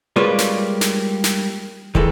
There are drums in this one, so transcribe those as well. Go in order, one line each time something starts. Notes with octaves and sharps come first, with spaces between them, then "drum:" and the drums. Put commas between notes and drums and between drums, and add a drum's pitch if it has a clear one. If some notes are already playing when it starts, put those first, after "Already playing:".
G3 G#3 A#3 F4 B4 C#5
drum: snare
drum: snare
drum: snare
D#3 E3 G#3 A4, drum: kick